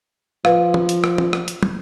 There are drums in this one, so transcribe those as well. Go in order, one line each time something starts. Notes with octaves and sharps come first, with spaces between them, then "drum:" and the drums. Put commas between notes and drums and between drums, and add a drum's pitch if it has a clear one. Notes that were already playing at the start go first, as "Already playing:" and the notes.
F3 B4 F5, drum: rim click
drum: tom
drum: hi-hat
drum: rim click
drum: tom
drum: rim click
drum: hi-hat
drum: tom